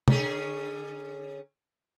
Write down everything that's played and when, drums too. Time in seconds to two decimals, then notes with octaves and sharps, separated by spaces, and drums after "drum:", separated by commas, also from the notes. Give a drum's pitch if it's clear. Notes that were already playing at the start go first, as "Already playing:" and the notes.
0.08 D3 C#4 G#4, drum: tom